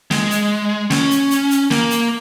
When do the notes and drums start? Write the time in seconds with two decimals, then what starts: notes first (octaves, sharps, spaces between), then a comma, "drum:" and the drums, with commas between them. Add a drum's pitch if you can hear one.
0.11 G#3, drum: snare
0.31 drum: hi-hat
0.91 C#4, drum: snare
1.11 drum: hi-hat
1.31 drum: hi-hat
1.50 drum: hi-hat
1.71 A#3, drum: snare
1.90 drum: hi-hat